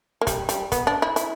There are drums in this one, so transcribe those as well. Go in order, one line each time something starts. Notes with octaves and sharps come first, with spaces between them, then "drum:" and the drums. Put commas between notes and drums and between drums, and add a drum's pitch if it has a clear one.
A#3
G3, drum: kick, hi-hat
G3, drum: hi-hat
B3, drum: kick, hi-hat
D4
E4
E4, drum: hi-hat